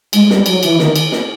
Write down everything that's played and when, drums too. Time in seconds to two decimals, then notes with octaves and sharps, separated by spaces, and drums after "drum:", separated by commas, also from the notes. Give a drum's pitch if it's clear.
0.13 G#3, drum: cymbal
0.24 G#3
0.30 G3, drum: snare
0.46 F#3, drum: cymbal
0.63 E3, drum: cymbal
0.79 D#3, drum: snare
0.96 drum: cymbal
1.12 drum: snare